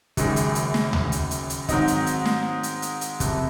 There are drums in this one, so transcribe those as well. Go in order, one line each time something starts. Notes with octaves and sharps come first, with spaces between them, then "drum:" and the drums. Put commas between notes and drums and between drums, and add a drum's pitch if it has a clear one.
F#1 F#2 D#3 G#3, drum: kick, hi-hat
drum: hi-hat
drum: hi-hat
drum: snare
drum: tom D2
drum: hi-hat
drum: hi-hat
drum: hi-hat
G#2 D#3 F#3 C4 D#4, drum: kick, hi-hat
drum: hi-hat
drum: hi-hat
drum: snare
drum: hi-hat
drum: hi-hat
drum: hi-hat
F#1 F2 C3, drum: kick, hi-hat